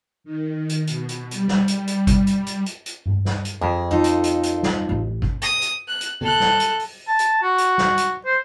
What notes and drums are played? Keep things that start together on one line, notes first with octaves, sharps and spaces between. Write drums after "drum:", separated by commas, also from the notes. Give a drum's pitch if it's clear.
D#3
drum: hi-hat
B2, drum: hi-hat
drum: hi-hat
G3, drum: hi-hat
drum: snare
drum: hi-hat
drum: hi-hat
drum: kick G#1, hi-hat
drum: hi-hat
drum: hi-hat
drum: hi-hat
drum: hi-hat
drum: tom G2
drum: snare
drum: hi-hat
F2 G#4
D#4 F4 A4
drum: hi-hat
drum: hi-hat
drum: hi-hat
drum: snare
A1
drum: kick G#1
D#6, drum: hi-hat
drum: hi-hat
F#6
drum: hi-hat
A4 F#6, drum: tom D3
drum: snare
drum: hi-hat
drum: open hi-hat
A5
drum: hi-hat
F#4
drum: hi-hat
drum: snare
drum: hi-hat
C5